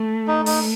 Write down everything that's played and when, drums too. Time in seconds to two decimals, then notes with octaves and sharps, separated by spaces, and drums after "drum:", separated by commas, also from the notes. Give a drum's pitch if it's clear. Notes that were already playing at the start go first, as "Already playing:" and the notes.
Already playing: A3
0.28 D#4
0.46 D#4, drum: open hi-hat